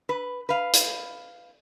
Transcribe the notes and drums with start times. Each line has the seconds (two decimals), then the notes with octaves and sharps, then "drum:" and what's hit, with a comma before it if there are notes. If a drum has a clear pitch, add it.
0.09 B4
0.49 B4 F5
0.73 drum: hi-hat